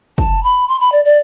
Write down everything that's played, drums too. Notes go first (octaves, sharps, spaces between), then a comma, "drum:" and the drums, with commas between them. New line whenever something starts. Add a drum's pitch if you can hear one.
A5, drum: kick
B5
C6
B5
D5
D5